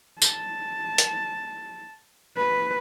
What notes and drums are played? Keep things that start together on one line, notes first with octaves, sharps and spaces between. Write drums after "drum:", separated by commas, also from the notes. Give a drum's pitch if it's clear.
A5, drum: tambourine
drum: hi-hat
B4